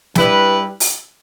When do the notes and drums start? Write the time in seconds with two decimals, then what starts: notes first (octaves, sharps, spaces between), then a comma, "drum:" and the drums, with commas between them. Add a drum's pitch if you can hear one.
0.15 G2 G3 E4 B4, drum: snare
0.80 drum: open hi-hat